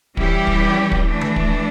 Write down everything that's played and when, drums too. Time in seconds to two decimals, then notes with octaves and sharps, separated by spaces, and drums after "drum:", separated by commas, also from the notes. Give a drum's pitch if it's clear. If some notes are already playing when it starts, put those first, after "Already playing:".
0.17 E3 G3 C#4 E4 G4, drum: kick
0.47 drum: kick
0.92 drum: kick
1.07 E3 A3 D4
1.21 drum: tom D#3
1.36 drum: kick